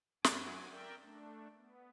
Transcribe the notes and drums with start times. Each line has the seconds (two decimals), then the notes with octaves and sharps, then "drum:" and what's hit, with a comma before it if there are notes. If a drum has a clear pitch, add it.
0.24 F#2 F#4 G#5 D6, drum: snare
0.69 A#4 D5 E5 G5
1.02 A3 D4
1.57 B3